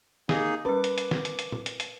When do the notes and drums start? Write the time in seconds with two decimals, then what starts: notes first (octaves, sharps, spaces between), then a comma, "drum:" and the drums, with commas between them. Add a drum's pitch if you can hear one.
0.29 A#3 D#4 G4 G#4, drum: snare
0.65 G3 C#4 A#4 B4 D6
0.84 drum: hi-hat
0.98 drum: hi-hat
1.11 drum: snare
1.25 drum: hi-hat
1.39 drum: hi-hat
1.52 drum: tom A#2
1.66 drum: hi-hat
1.80 drum: hi-hat